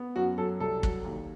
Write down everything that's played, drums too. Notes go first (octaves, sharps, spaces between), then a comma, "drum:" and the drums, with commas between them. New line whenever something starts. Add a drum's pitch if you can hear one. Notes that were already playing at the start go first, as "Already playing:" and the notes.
Already playing: B3
F#2 F#4
F#3 A4
C2 A4
F#3, drum: kick
D#2